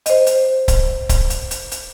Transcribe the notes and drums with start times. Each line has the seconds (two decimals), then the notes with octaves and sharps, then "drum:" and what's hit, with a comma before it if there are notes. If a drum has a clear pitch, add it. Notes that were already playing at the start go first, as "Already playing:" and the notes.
0.06 C5 D#5, drum: hi-hat
0.26 drum: hi-hat
0.68 drum: kick C#1, hi-hat
1.09 drum: kick C#1, hi-hat
1.30 drum: hi-hat
1.51 drum: hi-hat
1.71 drum: hi-hat